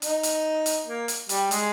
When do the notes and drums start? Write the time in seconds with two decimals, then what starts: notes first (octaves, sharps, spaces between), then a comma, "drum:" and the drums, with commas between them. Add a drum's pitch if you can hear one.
0.02 D#4, drum: hi-hat
0.23 drum: hi-hat
0.66 drum: hi-hat
0.87 A#3
1.08 drum: hi-hat
1.29 G3, drum: hi-hat
1.51 G#3, drum: hi-hat